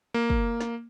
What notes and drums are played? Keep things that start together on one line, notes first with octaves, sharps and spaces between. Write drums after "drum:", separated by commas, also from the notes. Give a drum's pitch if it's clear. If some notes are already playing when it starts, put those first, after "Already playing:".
A#3
drum: kick
drum: snare